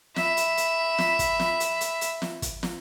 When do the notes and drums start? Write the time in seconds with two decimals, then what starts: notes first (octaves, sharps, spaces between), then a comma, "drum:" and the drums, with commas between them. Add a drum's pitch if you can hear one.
0.16 E5 B5, drum: snare
0.37 drum: hi-hat
0.57 drum: hi-hat
0.98 drum: snare
1.19 drum: kick, hi-hat
1.40 drum: snare
1.60 drum: hi-hat
1.81 drum: hi-hat
2.01 drum: hi-hat
2.22 drum: snare
2.42 drum: kick, hi-hat
2.63 drum: snare